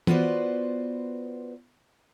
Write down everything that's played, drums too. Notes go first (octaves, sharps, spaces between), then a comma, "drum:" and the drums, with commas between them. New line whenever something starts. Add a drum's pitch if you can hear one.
B3 F4 F#4 B4 C5 D5, drum: tom E3